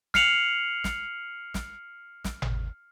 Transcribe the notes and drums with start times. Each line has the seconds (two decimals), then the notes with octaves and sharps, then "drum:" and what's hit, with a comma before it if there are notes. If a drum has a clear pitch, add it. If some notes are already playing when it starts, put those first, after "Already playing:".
0.14 F6 C7 C#7 F7 F#7, drum: snare
0.84 drum: snare
1.54 drum: snare
2.24 drum: snare
2.42 drum: tom G#1